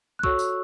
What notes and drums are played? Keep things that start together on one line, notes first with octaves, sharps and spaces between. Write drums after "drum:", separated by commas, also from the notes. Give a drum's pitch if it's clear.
F#6
F#4 A4 C#5 C#6 E6, drum: kick
drum: tambourine